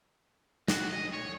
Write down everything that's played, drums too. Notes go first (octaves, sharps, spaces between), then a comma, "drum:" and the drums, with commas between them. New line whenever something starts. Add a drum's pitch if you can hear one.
F#4, drum: snare
D#5
C#5